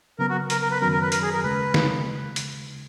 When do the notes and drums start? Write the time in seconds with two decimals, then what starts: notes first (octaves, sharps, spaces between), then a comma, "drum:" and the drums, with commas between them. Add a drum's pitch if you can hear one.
0.19 C#3 F#3 B3 A#4
0.30 F#4
0.50 A#4, drum: hi-hat
0.61 A#4
0.71 B4
0.81 F#2 D#3 F#3 C#4 A#4
0.92 A#4
1.02 B4
1.12 A#4, drum: hi-hat
1.22 G#4
1.33 A#4
1.43 D#2 C#3 G#3 B4
1.74 drum: snare
2.36 drum: hi-hat